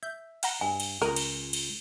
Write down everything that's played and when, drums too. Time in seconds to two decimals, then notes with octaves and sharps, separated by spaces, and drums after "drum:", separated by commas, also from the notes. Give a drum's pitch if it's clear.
0.03 E5 G6
0.43 F5 F#5 A#5, drum: cymbal
0.61 G2 G#5
0.80 drum: cymbal
1.02 C#2 A#4 A#5 D#6 F6 F#6
1.16 drum: cymbal
1.53 drum: cymbal